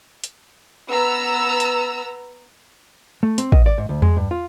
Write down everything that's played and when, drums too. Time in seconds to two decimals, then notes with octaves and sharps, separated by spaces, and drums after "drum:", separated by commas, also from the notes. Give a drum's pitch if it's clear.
0.24 drum: hi-hat
0.90 B3 A#5 E6
1.60 drum: hi-hat
3.23 A3
3.38 C4, drum: hi-hat
3.52 D#5, drum: kick
3.66 D5
3.78 G#2
3.89 D2
4.02 G#3, drum: tom E2
4.16 G2
4.31 F4